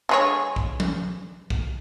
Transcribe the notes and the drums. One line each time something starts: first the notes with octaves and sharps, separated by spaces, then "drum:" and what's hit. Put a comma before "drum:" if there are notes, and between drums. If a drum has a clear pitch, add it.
D3 G#3 C#5
drum: kick
drum: tom F3
drum: kick